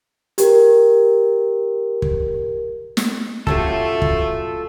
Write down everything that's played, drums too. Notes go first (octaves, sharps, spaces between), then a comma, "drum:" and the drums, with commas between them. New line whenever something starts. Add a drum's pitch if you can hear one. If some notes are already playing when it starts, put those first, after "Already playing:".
G4 A#4, drum: hi-hat
drum: kick
drum: snare
F#3 A3 C#4 F4 G4 A4, drum: kick
drum: kick